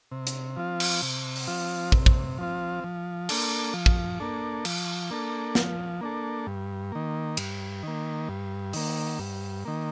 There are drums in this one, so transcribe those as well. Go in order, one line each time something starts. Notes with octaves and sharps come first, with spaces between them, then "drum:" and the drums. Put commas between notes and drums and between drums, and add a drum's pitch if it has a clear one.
C3
drum: hi-hat
F3 C4 F4
drum: cymbal
C3
drum: open hi-hat
F3 C4 F4
C3, drum: kick
drum: kick
F3 C4 F4
F3
A#3 D4 A4, drum: cymbal
F3
drum: kick
A#3 D4 A4
F3, drum: cymbal
A#3 D4 A4
F3, drum: snare
A#3 D4 A4
G2
D#3 A#3
G2, drum: cymbal
D#3 A#3
G2
D#3 A#3, drum: open hi-hat
G2
D#3 A#3